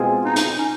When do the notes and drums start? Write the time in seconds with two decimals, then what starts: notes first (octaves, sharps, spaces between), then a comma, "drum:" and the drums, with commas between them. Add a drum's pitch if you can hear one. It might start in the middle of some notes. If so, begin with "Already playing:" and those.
Already playing: B2 G#3 C4 F4 G#4
0.25 D#4
0.36 drum: hi-hat
0.59 C#4